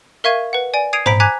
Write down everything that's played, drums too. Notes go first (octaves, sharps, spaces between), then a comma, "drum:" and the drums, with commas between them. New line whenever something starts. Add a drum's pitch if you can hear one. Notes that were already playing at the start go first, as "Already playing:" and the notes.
A#4 E5 F5 C#6 G#6 D#7
B4 F#5
D5 G#5 D7
D#6 G#6 C7 D7 D#7 F7
C5 A#5 B5 B6 D7, drum: tom G#2
G#5 A#5 D6 F#6 G#6 B6